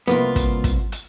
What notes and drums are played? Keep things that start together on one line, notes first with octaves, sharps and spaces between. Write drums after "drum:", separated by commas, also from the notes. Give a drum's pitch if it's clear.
C2 A#3 B3 F4
drum: kick, hi-hat
drum: kick, hi-hat
drum: hi-hat